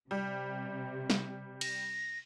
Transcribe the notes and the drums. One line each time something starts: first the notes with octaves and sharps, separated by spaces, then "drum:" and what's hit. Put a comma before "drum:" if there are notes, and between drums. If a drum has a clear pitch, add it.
C3 G3
drum: snare
A#6, drum: cymbal